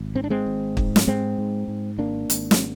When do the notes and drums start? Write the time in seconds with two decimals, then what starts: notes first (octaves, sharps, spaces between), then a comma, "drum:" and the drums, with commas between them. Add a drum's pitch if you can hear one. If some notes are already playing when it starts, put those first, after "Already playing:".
Already playing: G#1
0.15 G#2 C4
0.24 D4
0.30 G#3 C4
0.46 G#1
0.77 G#2, drum: kick
0.96 drum: snare
1.07 G#2 G#3 C4
1.38 G#2
1.68 G#2
1.98 G#1 A#3 D4
2.30 G#1, drum: hi-hat
2.51 drum: snare